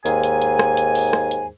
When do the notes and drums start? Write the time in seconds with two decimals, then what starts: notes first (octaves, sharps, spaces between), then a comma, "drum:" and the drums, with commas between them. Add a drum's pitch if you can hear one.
0.06 D#2 G#2 G#5, drum: hi-hat
0.24 drum: hi-hat
0.41 drum: hi-hat
0.59 drum: rim click
0.77 drum: hi-hat
0.95 drum: open hi-hat
1.13 drum: rim click
1.31 drum: hi-hat